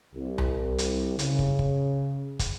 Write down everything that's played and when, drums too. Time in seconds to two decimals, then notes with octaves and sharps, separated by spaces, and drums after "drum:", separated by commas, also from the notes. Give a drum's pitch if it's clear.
0.14 C2
0.38 drum: tom C2
0.78 drum: hi-hat
1.19 C#3, drum: hi-hat
1.39 drum: kick
1.59 drum: kick
2.39 drum: kick, hi-hat